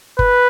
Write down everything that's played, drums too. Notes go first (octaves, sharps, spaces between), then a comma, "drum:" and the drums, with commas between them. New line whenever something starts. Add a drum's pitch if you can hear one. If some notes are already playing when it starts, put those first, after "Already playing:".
B4, drum: kick G1